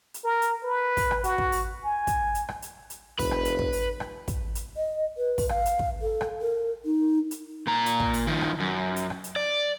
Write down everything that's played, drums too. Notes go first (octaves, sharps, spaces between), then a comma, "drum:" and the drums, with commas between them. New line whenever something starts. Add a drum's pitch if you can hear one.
drum: hi-hat
A#4
drum: hi-hat
B4
drum: kick, open hi-hat
drum: rim click
F#4, drum: hi-hat
drum: kick
drum: open hi-hat
G#5
drum: kick, hi-hat
drum: hi-hat
drum: rim click
drum: hi-hat
drum: hi-hat
F1 B4, drum: kick, open hi-hat
drum: rim click
drum: hi-hat
drum: kick
drum: open hi-hat
drum: rim click
drum: kick, hi-hat
drum: hi-hat
D#5
B4
drum: kick, open hi-hat
F5, drum: rim click
drum: hi-hat
drum: kick
A4
drum: rim click
A#4
D#4
drum: hi-hat
A#2 A#5
drum: hi-hat
drum: kick
drum: open hi-hat
D#3 F3
drum: rim click
F#2
drum: hi-hat
drum: rim click
drum: hi-hat
D5